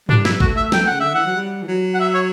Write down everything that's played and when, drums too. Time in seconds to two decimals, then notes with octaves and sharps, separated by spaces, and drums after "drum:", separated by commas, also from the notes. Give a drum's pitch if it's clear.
0.09 G3 D4, drum: tom G2
0.25 E4, drum: snare
0.40 A3 F#4, drum: kick G#1
0.57 E5
0.72 A3 G5, drum: snare
0.86 C#3 F#5
1.00 D3 E5
1.14 E3 F#5
1.25 F#3
1.36 G3
1.62 E3
1.68 F#3
1.94 F#5
2.00 E5
2.14 C#5